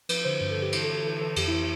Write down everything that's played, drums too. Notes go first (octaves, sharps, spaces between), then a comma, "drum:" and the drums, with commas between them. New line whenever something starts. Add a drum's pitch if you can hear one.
F3 B4, drum: cymbal
D3 C5
G2 C5
A4
D3
G4
E3 G4, drum: cymbal
A4
E3
A4
E3 A4
E3 A4
F2 G4, drum: cymbal
E4
E3
E4